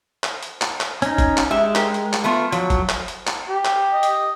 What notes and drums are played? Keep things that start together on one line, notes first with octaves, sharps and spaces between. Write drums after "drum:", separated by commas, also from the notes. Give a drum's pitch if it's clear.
drum: clap
drum: hi-hat
drum: clap
drum: clap
C#4 D#4, drum: hi-hat
drum: kick, hi-hat
drum: clap
G#3 G4 E5
G4 A#4, drum: clap
drum: hi-hat
drum: clap
A3 B3 F4
F3 F#3, drum: hi-hat
drum: kick, hi-hat
drum: clap
drum: hi-hat
drum: clap
G4
drum: clap
D#5
drum: hi-hat